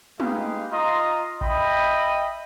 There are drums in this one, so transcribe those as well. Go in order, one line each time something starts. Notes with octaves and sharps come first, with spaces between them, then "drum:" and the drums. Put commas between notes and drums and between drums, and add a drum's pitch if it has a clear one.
G#3 D#4 G4 B4 F5, drum: tom
F4 D#5 A#5 C6
D#5 E5 G5 B5, drum: kick A1